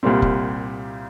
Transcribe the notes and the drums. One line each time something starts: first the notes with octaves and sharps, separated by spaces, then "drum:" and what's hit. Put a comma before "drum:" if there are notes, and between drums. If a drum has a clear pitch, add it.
C2 A#2 G3 C4
drum: kick F1